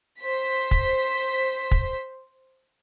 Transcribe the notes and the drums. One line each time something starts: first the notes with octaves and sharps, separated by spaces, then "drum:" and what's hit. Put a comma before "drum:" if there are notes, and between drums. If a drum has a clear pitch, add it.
C5 B6
drum: kick
drum: kick